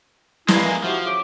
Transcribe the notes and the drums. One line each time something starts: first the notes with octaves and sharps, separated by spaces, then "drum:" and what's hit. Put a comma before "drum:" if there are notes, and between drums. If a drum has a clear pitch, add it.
G2 G#3 A#3 E4, drum: snare
E3
F3 E4 F#4 G4
C#3 E5 D6